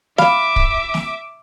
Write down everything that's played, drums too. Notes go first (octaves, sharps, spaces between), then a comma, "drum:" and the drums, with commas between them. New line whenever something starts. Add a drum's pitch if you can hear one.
E5 F5 B5 D6, drum: snare
drum: kick
drum: snare